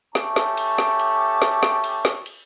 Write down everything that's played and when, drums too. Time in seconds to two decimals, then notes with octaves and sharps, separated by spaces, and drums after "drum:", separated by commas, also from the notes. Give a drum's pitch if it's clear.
0.15 A3 C#4 G4 A5 C#6, drum: snare
0.36 drum: snare
0.57 drum: cymbal
0.78 drum: snare
1.00 drum: cymbal
1.42 drum: snare
1.63 drum: snare
1.84 drum: cymbal
2.05 drum: snare
2.26 drum: cymbal